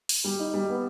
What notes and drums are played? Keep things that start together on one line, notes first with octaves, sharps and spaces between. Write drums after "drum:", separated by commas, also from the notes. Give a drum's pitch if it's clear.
drum: open hi-hat
G3
D#4
G3
B3